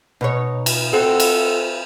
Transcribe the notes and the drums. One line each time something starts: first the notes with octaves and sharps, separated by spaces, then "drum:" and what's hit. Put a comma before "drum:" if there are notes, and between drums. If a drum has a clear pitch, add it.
B2 D#4 C#5
drum: cymbal
C4 F#4 A4
drum: cymbal